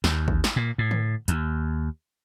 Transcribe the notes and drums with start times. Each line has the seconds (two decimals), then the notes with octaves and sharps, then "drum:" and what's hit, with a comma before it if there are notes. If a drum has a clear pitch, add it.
0.04 D#2, drum: snare
0.28 drum: kick G#1
0.44 drum: snare
0.56 A#2
0.78 A2
0.91 drum: tom D3
1.28 D#2, drum: hi-hat